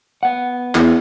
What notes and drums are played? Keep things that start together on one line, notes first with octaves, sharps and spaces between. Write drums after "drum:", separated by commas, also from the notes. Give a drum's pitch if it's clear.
B3 F#5
E2, drum: clap